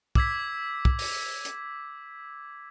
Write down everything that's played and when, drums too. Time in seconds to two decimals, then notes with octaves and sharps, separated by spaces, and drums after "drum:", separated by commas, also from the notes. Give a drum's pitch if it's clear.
0.15 D6 E6 G#6 B6, drum: kick
0.85 drum: kick
0.99 drum: open hi-hat
1.45 drum: hi-hat